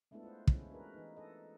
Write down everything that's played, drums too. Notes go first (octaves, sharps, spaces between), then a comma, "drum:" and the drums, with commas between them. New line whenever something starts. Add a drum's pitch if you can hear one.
G#3 A3 B3 D4 E4 A4
F4 C5
E3 G#3 C#4 E4, drum: kick
D4 F#4 G#4 A#4 B4
E3 D#4
A4 D#5